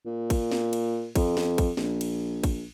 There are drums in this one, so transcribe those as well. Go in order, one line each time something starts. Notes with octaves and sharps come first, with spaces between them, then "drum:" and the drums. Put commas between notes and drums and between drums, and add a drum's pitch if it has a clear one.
A#2
drum: kick, cymbal
drum: snare
drum: cymbal
F2, drum: kick, cymbal
drum: snare
drum: kick, cymbal
A#1, drum: snare
drum: cymbal
drum: kick, cymbal